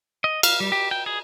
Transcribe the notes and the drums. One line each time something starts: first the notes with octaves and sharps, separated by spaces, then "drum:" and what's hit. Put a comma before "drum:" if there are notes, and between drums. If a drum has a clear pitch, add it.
D#5
F5, drum: cymbal
G3
G4
G5
G#4